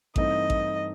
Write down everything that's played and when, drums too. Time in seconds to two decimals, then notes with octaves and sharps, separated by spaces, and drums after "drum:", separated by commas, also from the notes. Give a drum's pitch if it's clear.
0.16 G2 E3 A3 C4 D#4 D#5, drum: kick A1
0.50 drum: kick A1